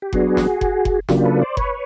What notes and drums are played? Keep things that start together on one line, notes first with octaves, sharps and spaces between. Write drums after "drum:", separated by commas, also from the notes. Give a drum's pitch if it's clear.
G4
F#3 B3 D4 F#4 G#4, drum: kick F#1
drum: snare
drum: kick F#1
drum: kick F#1
C#3 F#3 A#3 D4 F4 G4, drum: snare
A4 B4
C5 D5
B4 C#5, drum: kick F#1